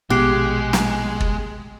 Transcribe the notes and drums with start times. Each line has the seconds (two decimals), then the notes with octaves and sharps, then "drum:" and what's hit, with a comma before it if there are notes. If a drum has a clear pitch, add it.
0.10 A#1 B2 G#3 B3 G4 F#6 C7
0.73 drum: snare
1.20 drum: kick